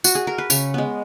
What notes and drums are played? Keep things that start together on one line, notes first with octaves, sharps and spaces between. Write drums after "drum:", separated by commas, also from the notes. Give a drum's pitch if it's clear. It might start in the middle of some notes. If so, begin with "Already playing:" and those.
F#4, drum: tambourine
G#4
A#4
B4
C#3 C#5, drum: tambourine
G#3 B3